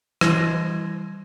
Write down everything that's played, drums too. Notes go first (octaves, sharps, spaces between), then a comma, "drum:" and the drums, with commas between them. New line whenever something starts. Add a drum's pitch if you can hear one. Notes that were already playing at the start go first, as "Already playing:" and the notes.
E3 G3 E4 G#6 A#6, drum: rim click